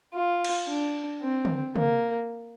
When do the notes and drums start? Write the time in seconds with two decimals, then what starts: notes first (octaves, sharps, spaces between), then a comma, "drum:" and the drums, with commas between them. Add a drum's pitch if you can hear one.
0.13 F4
0.44 drum: cymbal
0.68 D4
1.22 C4
1.45 drum: tom
1.76 A#3, drum: tom